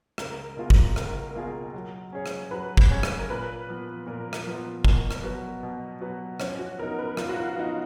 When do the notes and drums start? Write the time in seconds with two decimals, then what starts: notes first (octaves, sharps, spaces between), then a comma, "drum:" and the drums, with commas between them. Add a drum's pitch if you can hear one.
0.18 C#2 A#4, drum: rim click
0.57 B2 A#3 F4 G#4
0.70 drum: kick G1
0.96 C#2 A#4, drum: rim click
1.35 B2 A#3 F4 G#4
1.74 F#3
2.12 C#4 G#4 C#5
2.26 drum: rim click
2.51 F#3 B4
2.77 drum: kick G1
2.91 C#4 G#4 C#5
3.03 drum: rim click
3.18 A#4
3.29 A#2 B4
3.68 F3 B3
4.07 A#2 A#4
4.33 drum: rim click
4.46 F3 B3
4.85 B2 A#4, drum: kick G1
5.11 drum: rim click
5.23 F#3 B3 F#4 B4
5.63 B2
6.01 F#3 B3 F#4 B4
6.40 F3 C#4, drum: rim click
6.59 F#4
6.78 B3 D#4 A#4
6.99 B4
7.17 F3 F4, drum: rim click
7.29 F#4
7.39 F4
7.57 B3 D#4